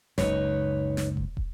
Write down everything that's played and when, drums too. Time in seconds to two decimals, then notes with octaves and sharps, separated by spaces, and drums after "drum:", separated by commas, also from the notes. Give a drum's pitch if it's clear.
0.18 F#1 C#2 D#4 B4 C#5, drum: snare
0.97 drum: snare
1.17 drum: kick
1.37 drum: kick